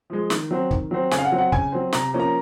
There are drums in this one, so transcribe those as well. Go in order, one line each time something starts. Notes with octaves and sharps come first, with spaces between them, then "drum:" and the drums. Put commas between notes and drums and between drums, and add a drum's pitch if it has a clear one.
F3 G#3
D#3, drum: snare
F#3 C4
D#3, drum: kick
F#3 C4
C#3 G#5, drum: snare
F5
F#5
F#3 C4
F#5
C#3 G#5, drum: kick
F#3 C4
C3 A#5, drum: snare
F3 A#3 C#4
A#5